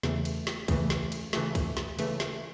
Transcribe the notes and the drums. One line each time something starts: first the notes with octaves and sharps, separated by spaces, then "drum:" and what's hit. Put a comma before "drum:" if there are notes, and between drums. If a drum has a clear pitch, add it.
E2 C#3 E3 A3, drum: snare
drum: cymbal
drum: snare
E2 C#3 E3 A3, drum: kick, cymbal
drum: snare
drum: cymbal
C#3 E3 A3, drum: snare
drum: kick, cymbal
drum: snare
C#3 E3 A3, drum: cymbal
drum: snare